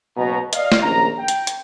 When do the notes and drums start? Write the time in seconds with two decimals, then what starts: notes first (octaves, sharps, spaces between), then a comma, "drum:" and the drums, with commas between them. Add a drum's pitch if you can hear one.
0.16 F#1 B2 A#5
0.53 D5 D#5 F5, drum: hi-hat
0.72 drum: snare
0.82 A#1 D#2 C#4 D#4 A#5
1.18 G5
1.28 drum: hi-hat
1.47 drum: hi-hat